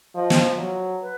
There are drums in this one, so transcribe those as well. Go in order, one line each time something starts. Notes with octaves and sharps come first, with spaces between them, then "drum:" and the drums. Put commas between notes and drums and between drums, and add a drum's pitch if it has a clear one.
F3 D#5
drum: snare
F#3
B4